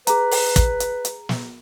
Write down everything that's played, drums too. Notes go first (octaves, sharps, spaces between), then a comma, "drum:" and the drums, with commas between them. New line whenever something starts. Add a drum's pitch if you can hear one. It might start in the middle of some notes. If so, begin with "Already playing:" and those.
G#4 B4 A#5, drum: hi-hat
drum: open hi-hat
drum: kick, hi-hat
drum: hi-hat
drum: hi-hat
drum: snare